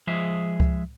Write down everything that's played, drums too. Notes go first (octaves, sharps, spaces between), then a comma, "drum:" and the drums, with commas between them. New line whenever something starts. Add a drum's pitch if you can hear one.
F3 G#3 G#4 E5
drum: kick C#2